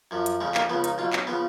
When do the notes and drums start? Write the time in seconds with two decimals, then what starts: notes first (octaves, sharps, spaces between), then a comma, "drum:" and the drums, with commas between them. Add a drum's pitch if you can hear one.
0.11 F#2 F3
0.26 drum: hi-hat
0.41 F2 C#3 F3 G#3
0.55 A#3, drum: clap
0.69 C#2 C#3 F3 B3
0.84 D#4, drum: hi-hat
0.98 B1 B2 F4
1.13 C#4, drum: clap
1.27 C#3 F3 B3